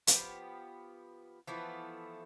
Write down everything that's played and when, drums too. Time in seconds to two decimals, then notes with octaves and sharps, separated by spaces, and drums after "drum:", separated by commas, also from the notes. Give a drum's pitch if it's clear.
0.07 F3 B3 G4, drum: hi-hat
1.48 E3 F3 A3 B3